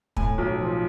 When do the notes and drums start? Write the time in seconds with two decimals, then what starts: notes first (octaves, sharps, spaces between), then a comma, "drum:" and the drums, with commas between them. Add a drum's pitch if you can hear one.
0.17 A2 G#5, drum: kick
0.38 B1
0.60 F3